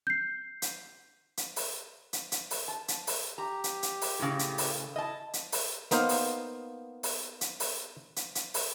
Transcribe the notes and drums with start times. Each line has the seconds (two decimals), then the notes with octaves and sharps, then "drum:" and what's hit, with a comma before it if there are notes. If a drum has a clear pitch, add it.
0.07 G6 C7
0.62 drum: hi-hat
1.37 drum: hi-hat
1.56 drum: open hi-hat
2.13 drum: hi-hat
2.32 drum: hi-hat
2.51 drum: open hi-hat
2.68 A5
2.88 drum: hi-hat
3.07 drum: open hi-hat
3.38 G4 A#5
3.64 drum: hi-hat
3.83 drum: hi-hat
4.01 drum: open hi-hat
4.19 A2 C#3
4.39 drum: hi-hat
4.58 drum: open hi-hat
4.96 E4 D#5 A5
5.33 drum: hi-hat
5.52 drum: open hi-hat
5.91 A#3 B3 D#4 C5 F5, drum: hi-hat
6.09 drum: open hi-hat
7.03 drum: open hi-hat
7.41 drum: hi-hat
7.60 drum: open hi-hat
8.16 drum: hi-hat
8.35 drum: hi-hat
8.54 drum: open hi-hat